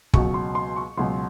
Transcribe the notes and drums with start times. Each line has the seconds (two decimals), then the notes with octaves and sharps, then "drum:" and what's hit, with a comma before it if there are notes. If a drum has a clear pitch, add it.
0.13 C#2 B2 F#3 C#6, drum: kick
0.34 C6
0.55 C6
0.76 C#6
0.97 C#2 B2 F#3 C6